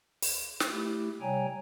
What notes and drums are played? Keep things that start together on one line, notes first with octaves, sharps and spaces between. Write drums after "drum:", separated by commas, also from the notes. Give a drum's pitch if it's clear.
drum: open hi-hat
drum: snare
A3 E4 G4
C3 G3 C#5 G5 G#5 A#5